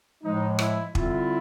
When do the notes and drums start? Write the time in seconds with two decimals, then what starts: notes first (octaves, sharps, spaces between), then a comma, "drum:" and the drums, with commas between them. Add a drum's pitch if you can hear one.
0.23 A2 F3 G#3 D#4
0.59 E4, drum: rim click
0.95 D3 G3 C4 E4 F4, drum: kick